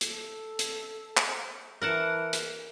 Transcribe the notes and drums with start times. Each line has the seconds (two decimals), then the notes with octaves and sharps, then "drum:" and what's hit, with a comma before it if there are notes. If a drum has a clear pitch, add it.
0.01 A4, drum: hi-hat
0.59 drum: hi-hat
1.17 drum: clap
1.81 E3 A#4 F#5 A5
2.33 drum: hi-hat